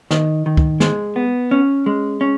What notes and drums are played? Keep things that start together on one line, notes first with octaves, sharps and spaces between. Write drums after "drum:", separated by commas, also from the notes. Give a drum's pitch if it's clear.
D#3, drum: snare
D#3
drum: kick
G#3, drum: snare
B3
C#4
G#3
C#4